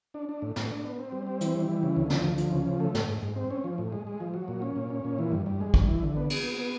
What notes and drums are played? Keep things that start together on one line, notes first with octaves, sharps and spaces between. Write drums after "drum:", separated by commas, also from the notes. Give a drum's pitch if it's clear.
D4
D4
A2
A2, drum: snare
D4
B3
C4
G3
C4
E3, drum: hi-hat
G3
E3
C#3
D2
F3, drum: snare
D2
F3, drum: hi-hat
C#3
F3
A3
G#2, drum: snare
G#2
G#2
C4
C#4
F3
A2
G#3
G#3
F3
F#3
A#2
C#4
A#2
C#4
A#2
E3
G2
G2
G#3
G2, drum: kick
E3
D3
B3
B3, drum: cymbal
B3
B3